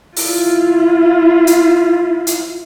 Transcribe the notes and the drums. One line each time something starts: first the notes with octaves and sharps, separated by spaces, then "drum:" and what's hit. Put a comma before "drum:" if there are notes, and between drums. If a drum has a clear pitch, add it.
E4 F4, drum: open hi-hat
drum: hi-hat
drum: hi-hat